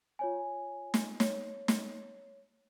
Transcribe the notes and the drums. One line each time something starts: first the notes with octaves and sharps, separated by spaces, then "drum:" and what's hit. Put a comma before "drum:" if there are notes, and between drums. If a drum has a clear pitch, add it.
F4 C#5 G#5
drum: snare
C#5, drum: snare
drum: snare